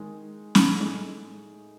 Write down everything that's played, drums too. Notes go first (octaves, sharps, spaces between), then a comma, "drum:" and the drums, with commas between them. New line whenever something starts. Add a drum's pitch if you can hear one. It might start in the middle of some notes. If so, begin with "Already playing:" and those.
Already playing: D#3 G#3 D#4 G#4
drum: snare C#4
A2 G#3 D#4 G#4